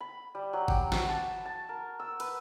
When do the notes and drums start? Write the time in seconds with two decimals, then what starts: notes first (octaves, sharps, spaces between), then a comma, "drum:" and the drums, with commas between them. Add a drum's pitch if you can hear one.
0.01 B5
0.35 G3
0.53 F#3
0.68 G4, drum: kick G1
0.92 F#4, drum: snare
1.09 A5
1.45 A5
1.69 A#4
2.00 E6
2.20 B4, drum: cymbal